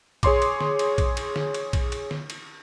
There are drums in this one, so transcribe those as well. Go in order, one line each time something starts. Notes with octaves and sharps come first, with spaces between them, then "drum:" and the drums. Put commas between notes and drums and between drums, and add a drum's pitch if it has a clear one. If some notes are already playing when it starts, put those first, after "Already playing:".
G#4 C#5 C6 D6, drum: kick A#1, cymbal
drum: cymbal
drum: snare
drum: cymbal
drum: kick A#1, cymbal
drum: cymbal
drum: snare
drum: cymbal
drum: kick A#1, cymbal
drum: cymbal
drum: snare
drum: cymbal